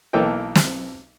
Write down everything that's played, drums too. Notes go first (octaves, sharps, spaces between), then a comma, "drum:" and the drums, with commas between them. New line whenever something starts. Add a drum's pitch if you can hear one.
B1 E3 A#3 A4 D#5 G5
drum: snare